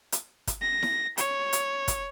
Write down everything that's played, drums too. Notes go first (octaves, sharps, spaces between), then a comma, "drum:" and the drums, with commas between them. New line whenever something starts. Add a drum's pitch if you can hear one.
drum: hi-hat
drum: kick, hi-hat
A#6
drum: snare E4
C#5, drum: hi-hat
drum: hi-hat
drum: kick, hi-hat